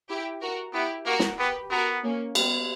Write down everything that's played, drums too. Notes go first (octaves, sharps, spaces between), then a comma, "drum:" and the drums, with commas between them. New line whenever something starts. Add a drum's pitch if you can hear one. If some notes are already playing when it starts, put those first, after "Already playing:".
E4 G4
F#4 A#4
B3 E4 G4
A#3 F#4 A#4
drum: snare
B3 G4 B4
B3 F#4 A#4
A#3 C#4
G3 B3, drum: cymbal